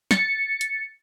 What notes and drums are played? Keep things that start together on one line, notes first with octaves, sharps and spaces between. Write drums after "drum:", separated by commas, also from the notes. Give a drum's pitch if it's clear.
A6 C#7, drum: snare
drum: hi-hat